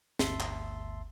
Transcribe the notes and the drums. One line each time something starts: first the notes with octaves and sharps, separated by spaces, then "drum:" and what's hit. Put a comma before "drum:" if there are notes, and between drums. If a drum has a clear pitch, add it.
G1 D2 E5 A5 C6, drum: snare
drum: clap